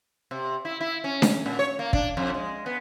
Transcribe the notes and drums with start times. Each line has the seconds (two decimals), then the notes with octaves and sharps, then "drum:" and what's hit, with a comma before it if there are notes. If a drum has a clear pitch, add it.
0.31 C3
0.65 E4
0.81 E4
1.04 C#4
1.22 drum: snare D4
1.46 A#2
1.59 C#5
1.79 A#3
1.93 D4, drum: kick
2.17 F2
2.34 G#3
2.66 B3